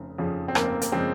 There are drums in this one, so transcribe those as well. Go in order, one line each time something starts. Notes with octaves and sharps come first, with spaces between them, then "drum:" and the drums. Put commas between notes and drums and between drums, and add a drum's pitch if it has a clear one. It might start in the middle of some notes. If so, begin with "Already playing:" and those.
Already playing: F1 F2 C#3
F2 C#3 F3
C4
F1 A#3, drum: rim click
A#3, drum: hi-hat
C#3 F3 G#3 C4